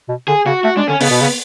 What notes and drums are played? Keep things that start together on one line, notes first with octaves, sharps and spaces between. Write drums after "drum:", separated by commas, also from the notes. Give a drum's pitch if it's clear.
B2
D3 G#4
C#3 F#4
A3 F#4
G#3 D4
D3 C#4
C#3 B3, drum: open hi-hat
B2
C#3